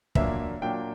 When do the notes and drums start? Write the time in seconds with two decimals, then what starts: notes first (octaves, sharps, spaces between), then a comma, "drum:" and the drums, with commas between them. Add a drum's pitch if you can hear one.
0.15 A#2 F#3 A#3 D4 E5, drum: kick
0.62 A#2 F#3 A#3 D4 G5